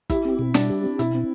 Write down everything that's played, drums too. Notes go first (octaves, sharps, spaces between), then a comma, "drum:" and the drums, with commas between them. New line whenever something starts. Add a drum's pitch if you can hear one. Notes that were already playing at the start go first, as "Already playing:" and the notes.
E4 G4, drum: kick, hi-hat
C4
B2
G3 D4, drum: snare
G4
C4
B2 E4, drum: hi-hat
C4